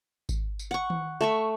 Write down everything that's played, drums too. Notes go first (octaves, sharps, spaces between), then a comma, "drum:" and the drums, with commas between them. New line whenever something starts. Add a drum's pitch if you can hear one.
drum: kick G#1, tambourine
drum: tambourine
F#5 C#6
drum: tom D#3
A3 E5 C#6